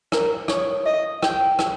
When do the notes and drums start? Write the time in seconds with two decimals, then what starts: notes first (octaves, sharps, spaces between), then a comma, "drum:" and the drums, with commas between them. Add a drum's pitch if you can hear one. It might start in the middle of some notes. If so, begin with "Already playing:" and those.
0.12 A#4, drum: rim click
0.48 C#5, drum: rim click
0.86 D#5
1.23 G5, drum: rim click
1.59 drum: rim click